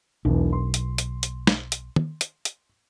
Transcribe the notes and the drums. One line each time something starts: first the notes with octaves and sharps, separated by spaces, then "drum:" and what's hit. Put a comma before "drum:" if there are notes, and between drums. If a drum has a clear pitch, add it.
E1 B1 E2
C6
drum: hi-hat
drum: hi-hat
drum: hi-hat
drum: snare
drum: hi-hat
drum: tom
drum: hi-hat
drum: hi-hat